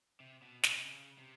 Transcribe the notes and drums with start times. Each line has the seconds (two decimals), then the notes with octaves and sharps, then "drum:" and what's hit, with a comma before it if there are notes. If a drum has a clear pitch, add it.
0.20 C3
0.42 B2
0.63 C3, drum: snare
0.86 C#3
1.18 C3